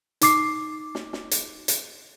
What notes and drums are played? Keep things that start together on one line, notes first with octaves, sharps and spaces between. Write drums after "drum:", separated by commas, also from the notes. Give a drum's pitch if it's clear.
D#4 D6 C7, drum: hi-hat
drum: snare
drum: snare
drum: hi-hat
drum: hi-hat